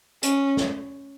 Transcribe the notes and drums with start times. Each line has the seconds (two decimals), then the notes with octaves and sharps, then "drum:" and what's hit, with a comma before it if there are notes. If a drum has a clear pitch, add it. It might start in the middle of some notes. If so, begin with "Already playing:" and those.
0.23 C#4, drum: hi-hat
0.57 drum: snare